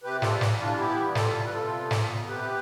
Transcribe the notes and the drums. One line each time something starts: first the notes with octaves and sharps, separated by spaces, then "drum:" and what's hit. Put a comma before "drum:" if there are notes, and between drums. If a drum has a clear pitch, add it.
C3 G4 B4
F4 A4, drum: snare
G3
drum: snare
E3
D4 F4
B3 E4 G4
G3
F4 A4, drum: snare
G3
B4
C3 F4 A4
B3
drum: snare
B3
C3 G4 B4